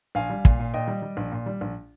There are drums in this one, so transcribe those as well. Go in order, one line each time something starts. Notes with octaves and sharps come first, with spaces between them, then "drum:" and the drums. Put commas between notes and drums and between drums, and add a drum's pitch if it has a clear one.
A#1 F5 G#5
G3
A#2, drum: kick
A#2
A#2 D#5 G5
G3
G3
A#1
A#2
G3
A#1